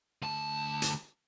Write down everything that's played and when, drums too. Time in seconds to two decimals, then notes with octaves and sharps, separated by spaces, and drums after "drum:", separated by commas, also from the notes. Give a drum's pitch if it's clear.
0.22 D2 A5
0.82 drum: hi-hat